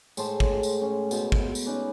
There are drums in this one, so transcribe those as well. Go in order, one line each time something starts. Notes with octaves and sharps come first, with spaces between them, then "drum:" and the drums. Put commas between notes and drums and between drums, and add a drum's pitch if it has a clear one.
A2 G#3 C5 A5, drum: tambourine
drum: kick
drum: tambourine
C#4
B2 C5, drum: tambourine
drum: kick
drum: tambourine
C#4 D#4 B4 D5